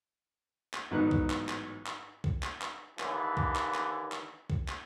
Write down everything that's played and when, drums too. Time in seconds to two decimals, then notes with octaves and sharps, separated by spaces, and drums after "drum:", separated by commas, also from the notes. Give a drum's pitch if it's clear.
0.74 drum: clap
0.91 A1 G#2 F#3 B3 D#4 F#6
1.11 drum: kick
1.30 drum: clap
1.49 drum: clap
1.86 drum: clap
2.24 drum: kick
2.43 drum: clap
2.62 drum: clap
2.99 D#2 D3 E3, drum: clap
3.37 drum: kick
3.56 drum: clap
3.74 drum: clap
4.12 drum: clap
4.50 drum: kick
4.68 drum: clap